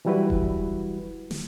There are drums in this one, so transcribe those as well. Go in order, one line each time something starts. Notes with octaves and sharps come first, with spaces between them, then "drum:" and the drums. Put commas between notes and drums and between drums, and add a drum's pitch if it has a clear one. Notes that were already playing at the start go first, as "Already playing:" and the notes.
E3 F#3 G3 E4 F#4 B4
drum: kick E1
drum: snare